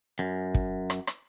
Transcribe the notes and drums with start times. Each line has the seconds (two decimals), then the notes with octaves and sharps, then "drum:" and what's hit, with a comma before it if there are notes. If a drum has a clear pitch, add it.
0.19 F#2
0.54 drum: kick
0.90 drum: rim click
1.07 drum: rim click